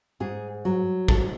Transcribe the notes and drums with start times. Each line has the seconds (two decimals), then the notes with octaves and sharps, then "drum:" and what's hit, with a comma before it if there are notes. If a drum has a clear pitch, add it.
0.20 G#2 G#4
0.65 F#3
1.08 G#2 A4, drum: kick